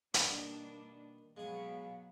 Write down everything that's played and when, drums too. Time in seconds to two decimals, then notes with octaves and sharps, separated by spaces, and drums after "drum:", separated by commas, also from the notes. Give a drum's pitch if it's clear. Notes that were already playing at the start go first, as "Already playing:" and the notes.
0.14 B2 D#3 G3 A#3 B3 D4, drum: hi-hat
1.37 B2 F#3 G#3 B3 G#4 F5